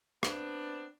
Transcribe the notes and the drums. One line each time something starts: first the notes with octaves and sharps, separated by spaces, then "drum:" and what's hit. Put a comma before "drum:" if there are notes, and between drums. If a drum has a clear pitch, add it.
B3 C4 D4, drum: rim click